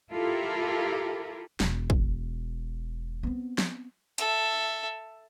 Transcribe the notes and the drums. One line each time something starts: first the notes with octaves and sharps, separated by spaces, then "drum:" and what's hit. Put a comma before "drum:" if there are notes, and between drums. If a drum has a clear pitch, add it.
E4 F4 G4 A4 A#4
E1, drum: snare
drum: kick
B3 C4
drum: snare
A4 E5, drum: hi-hat